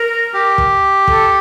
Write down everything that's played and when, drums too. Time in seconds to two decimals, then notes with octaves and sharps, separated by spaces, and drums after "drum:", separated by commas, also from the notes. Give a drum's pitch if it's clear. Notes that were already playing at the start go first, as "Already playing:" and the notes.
Already playing: A#4
0.34 G4
0.58 drum: kick
1.08 A4, drum: kick